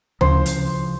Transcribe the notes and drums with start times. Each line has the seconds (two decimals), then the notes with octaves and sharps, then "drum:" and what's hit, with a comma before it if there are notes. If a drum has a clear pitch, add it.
0.21 C#3 F3 C#4 C5, drum: tom D2
0.46 drum: hi-hat